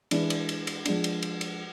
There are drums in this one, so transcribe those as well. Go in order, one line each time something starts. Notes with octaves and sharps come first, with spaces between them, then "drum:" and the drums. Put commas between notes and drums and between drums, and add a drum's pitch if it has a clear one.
E3 G#3 D4, drum: cymbal
drum: cymbal
drum: cymbal
drum: cymbal
F3 G#3 D4, drum: cymbal
drum: cymbal
drum: cymbal
drum: cymbal